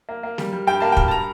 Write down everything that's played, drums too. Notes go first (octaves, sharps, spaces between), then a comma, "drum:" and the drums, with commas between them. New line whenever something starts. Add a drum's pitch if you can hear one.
A#3
A#3
G3, drum: snare
G3
G2 G5
A#3 A5
G5
G2, drum: kick
A5
A#5